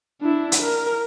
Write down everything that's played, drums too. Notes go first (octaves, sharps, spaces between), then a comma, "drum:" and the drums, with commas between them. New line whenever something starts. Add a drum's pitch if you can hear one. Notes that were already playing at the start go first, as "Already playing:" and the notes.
D4 E4
drum: hi-hat
A#4